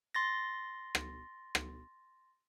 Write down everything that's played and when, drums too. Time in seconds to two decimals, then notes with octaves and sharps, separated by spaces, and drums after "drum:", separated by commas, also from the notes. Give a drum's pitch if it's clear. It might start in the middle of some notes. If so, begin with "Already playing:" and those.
0.15 C6 A6 A#6
0.95 drum: rim click
1.55 drum: rim click